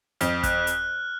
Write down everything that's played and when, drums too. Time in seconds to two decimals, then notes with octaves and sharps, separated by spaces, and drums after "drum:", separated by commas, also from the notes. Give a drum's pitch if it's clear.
0.21 F2 F6, drum: hi-hat
0.43 F#6, drum: kick, hi-hat
0.67 drum: hi-hat